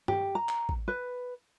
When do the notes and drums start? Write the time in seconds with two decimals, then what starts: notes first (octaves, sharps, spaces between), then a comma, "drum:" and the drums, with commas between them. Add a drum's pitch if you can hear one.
0.08 G4, drum: tom G2
0.35 A#5
0.49 drum: clap
0.69 drum: kick A1
0.88 B4